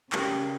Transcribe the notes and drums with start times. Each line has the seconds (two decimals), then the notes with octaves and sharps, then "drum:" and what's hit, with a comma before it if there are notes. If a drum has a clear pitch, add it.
0.12 C#3 C#4 G4 A#4 D5, drum: clap